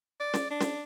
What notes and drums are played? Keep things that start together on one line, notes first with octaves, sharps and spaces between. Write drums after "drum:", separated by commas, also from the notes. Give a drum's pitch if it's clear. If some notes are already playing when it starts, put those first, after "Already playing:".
D5
drum: snare
D4
drum: snare